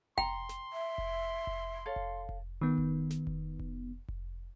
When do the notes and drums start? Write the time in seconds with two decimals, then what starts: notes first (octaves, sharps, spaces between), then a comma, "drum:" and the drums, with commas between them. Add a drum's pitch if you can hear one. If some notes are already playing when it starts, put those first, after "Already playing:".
0.18 G5 A#5 C6, drum: kick F1
0.49 drum: snare
0.73 E5
0.98 drum: kick F1
1.47 drum: kick F1
1.86 A4 C#5 F5
1.96 drum: kick F1
2.29 drum: kick F1
2.61 D#3 B3
2.78 drum: kick F1
3.10 drum: snare
3.27 drum: kick F1
3.59 drum: kick F1
4.08 drum: kick F1